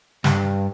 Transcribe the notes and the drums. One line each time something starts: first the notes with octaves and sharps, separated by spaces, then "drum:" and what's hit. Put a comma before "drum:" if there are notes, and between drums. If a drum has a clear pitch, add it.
G2, drum: snare